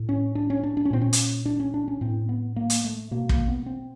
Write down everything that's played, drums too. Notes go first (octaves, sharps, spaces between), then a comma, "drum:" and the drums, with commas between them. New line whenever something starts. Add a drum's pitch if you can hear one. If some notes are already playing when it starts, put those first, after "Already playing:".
Already playing: A2
C#4
D4
C#4
D4
D4
C#4
A#2 C4
C#4
drum: hi-hat
D4
C#4
D4
C#4
A2 C4
B3
A#3
drum: hi-hat
A3
B2 A#3
A#3, drum: kick
B3
C4